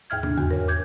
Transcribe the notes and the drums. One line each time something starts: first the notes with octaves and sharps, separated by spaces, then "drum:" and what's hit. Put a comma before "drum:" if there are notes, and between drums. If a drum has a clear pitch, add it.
D#2 G#2 E5 F6 G#6
D4, drum: tom
E2 F#4, drum: tom
A#4 C#5
D6 G6 G#6